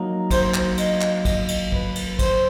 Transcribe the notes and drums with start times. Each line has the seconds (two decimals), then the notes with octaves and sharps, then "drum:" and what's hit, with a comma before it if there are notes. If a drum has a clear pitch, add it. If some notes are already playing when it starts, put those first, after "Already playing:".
Already playing: F#3 A#3 D#4
0.31 C5, drum: kick, cymbal
0.54 drum: clap
0.77 D#5, drum: cymbal
1.01 drum: clap
1.25 D#5, drum: kick, cymbal
1.48 drum: cymbal
1.72 B4, drum: kick
1.95 drum: cymbal
2.19 C5, drum: kick, cymbal